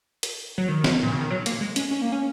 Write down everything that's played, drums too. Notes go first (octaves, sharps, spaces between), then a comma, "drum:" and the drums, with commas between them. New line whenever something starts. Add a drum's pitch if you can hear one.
drum: hi-hat
F#3
D#3
drum: snare
A#2
C#3
D#3
F#3
A#3, drum: hi-hat
G#3
C#4, drum: hi-hat
C#4
A#3
C#4